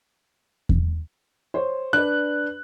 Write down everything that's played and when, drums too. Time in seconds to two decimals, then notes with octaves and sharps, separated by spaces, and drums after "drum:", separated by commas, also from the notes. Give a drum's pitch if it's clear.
0.69 drum: kick E2
1.54 C5 C#5
1.93 D4 B4 D5 F#6